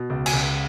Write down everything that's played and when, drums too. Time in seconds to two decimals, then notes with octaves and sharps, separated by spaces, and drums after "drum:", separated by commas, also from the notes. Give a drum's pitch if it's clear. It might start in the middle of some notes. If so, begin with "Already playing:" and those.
Already playing: B2
0.10 C#2
0.26 G#5, drum: cymbal
0.33 C#2